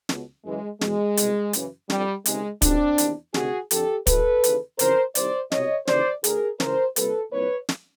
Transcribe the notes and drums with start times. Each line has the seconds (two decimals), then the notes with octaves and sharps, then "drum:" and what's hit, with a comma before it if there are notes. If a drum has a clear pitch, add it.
0.09 C#2 B2, drum: snare
0.45 F#2 C#3 E3 G#3
0.81 E2 B2 G#3, drum: snare
1.17 C2 B2, drum: hi-hat
1.53 F#2 C#3 E3, drum: hi-hat
1.90 F2 D3 G3, drum: snare
2.26 C#2 C3 D#3 G#3, drum: hi-hat
2.62 C#2 B2 C4 D4, drum: kick, hi-hat
2.98 E2 C3 D#3, drum: hi-hat
3.34 D2 C3 D#3 F#4 G#4, drum: snare
3.71 F2 D3 G4 A4, drum: hi-hat
4.07 E2 B2 A4 B4, drum: kick, hi-hat
4.44 D#2 C#3 E3, drum: hi-hat
4.79 F2 C#3 E3 A#4 C5, drum: hi-hat
5.15 C2 C3 D#3 C5 D5, drum: hi-hat
5.52 C2 B2 C#5 D#5, drum: snare
5.87 D#2 C#3 E3 C5 D5, drum: snare
6.24 D2 D3 G#4 A#4, drum: hi-hat
6.60 C#2 C#3 E3 A#4 C5, drum: snare
6.96 C2 A#2 A4 B4, drum: hi-hat
7.32 C2 A#2 B4 C#5
7.69 drum: snare